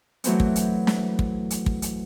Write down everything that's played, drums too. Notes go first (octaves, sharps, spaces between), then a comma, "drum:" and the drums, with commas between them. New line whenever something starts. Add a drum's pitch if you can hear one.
E3 F#3 A3 B3 C4, drum: hi-hat
drum: kick
drum: hi-hat
drum: snare
drum: kick
drum: hi-hat
drum: kick
drum: hi-hat